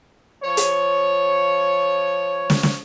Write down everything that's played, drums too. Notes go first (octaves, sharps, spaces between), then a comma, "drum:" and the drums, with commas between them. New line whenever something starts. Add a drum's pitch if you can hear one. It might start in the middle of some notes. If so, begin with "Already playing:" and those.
F3 C#5
drum: hi-hat
drum: snare
drum: snare